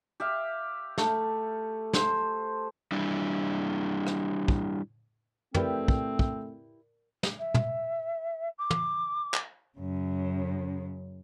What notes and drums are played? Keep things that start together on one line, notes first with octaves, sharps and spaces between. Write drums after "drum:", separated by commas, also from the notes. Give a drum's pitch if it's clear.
G4 E5 F5
A3, drum: snare
C5, drum: snare
G3 D4 E4
drum: rim click
drum: kick
A3 C4 E4 G4 A#4 B4 D5, drum: tom
drum: kick
drum: kick
drum: snare
E5
drum: tom
D6
drum: tom
drum: clap
F#2 C#3